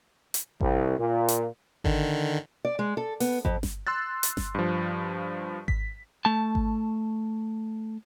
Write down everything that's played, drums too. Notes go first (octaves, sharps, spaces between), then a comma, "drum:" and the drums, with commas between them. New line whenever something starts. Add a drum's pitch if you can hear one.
drum: hi-hat
C2, drum: kick G#1
A#2
drum: hi-hat
D3 D#3, drum: kick G#1
D5
G#3
A4
B3, drum: open hi-hat
F2, drum: kick G#1
drum: snare G1
C6 E6 F#6 A6
drum: hi-hat
drum: snare G1
G2 F3
B6, drum: kick G#1
A3 A5
drum: kick G#1